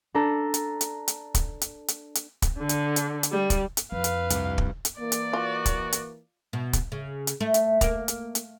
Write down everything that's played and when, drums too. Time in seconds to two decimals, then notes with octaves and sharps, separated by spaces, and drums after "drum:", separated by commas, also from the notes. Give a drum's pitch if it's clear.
0.14 D4 A4 A#5
0.54 drum: hi-hat
0.81 drum: hi-hat
1.08 drum: hi-hat
1.35 drum: kick, hi-hat
1.61 drum: hi-hat
1.88 drum: hi-hat
2.15 drum: hi-hat
2.42 drum: kick, hi-hat
2.59 D3
2.69 drum: hi-hat
2.96 drum: hi-hat
3.23 drum: hi-hat
3.32 G3
3.50 drum: kick, hi-hat
3.77 drum: hi-hat
3.92 F2 B4 F5
4.04 drum: hi-hat
4.30 C2 G2, drum: hi-hat
4.58 drum: kick
4.85 drum: hi-hat
5.00 E3 A#3 D5
5.12 drum: hi-hat
5.33 F4 F#4
5.66 drum: kick, hi-hat
5.92 drum: hi-hat
6.53 B2
6.73 drum: kick, hi-hat
6.92 C#3
7.27 drum: hi-hat
7.41 A3
7.54 drum: hi-hat
7.81 A#3, drum: kick, hi-hat
8.08 drum: hi-hat
8.35 drum: hi-hat